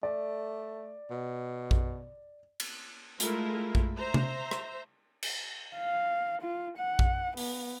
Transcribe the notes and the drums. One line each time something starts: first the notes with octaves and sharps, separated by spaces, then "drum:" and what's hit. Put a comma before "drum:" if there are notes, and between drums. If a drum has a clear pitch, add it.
A3 D5
B2
drum: kick A#1
drum: cymbal
G#3 A3 E4 F4 A#4, drum: hi-hat
drum: kick A#1
C5 E5 A#5
drum: tom C3
drum: rim click
drum: cymbal
F5
F4
F#5
drum: kick A#1
B3, drum: open hi-hat